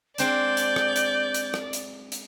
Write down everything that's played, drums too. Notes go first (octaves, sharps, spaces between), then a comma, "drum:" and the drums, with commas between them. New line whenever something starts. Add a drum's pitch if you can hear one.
G#3 C4 D4 D5 G6, drum: hi-hat
drum: hi-hat
drum: rim click
drum: hi-hat
drum: hi-hat
drum: rim click
drum: hi-hat
drum: hi-hat